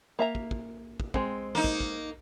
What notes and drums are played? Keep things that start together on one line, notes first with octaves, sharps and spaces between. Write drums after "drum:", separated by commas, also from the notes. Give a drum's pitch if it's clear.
A#3 E5 A#5
drum: kick
drum: kick
drum: kick
G#3 C4, drum: kick
A#3 D#4
drum: kick
drum: kick